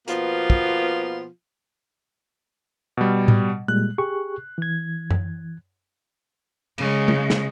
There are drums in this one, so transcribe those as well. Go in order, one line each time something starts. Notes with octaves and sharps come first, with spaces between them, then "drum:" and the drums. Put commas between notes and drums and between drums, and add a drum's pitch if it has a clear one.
B2 F3 A#3 B3 F4, drum: hi-hat
drum: kick
B2 G3
drum: tom A2
A#2 G3 G#3 F#6
G4 G#4 C#6
E3 G#6
drum: tom F#2
C#3 G#3, drum: cymbal
drum: tom G#3
drum: snare